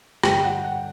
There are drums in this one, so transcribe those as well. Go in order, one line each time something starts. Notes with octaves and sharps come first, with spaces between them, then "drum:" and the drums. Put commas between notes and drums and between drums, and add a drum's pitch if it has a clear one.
G2 D3 G5, drum: rim click
F#5
F#5